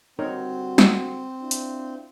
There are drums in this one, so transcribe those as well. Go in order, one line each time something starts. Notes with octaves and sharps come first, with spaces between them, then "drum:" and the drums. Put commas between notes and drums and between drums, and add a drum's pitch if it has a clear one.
D3 G3 C4 D#4 F#4 A#4 C#5
drum: snare
D4 E4 F4
drum: hi-hat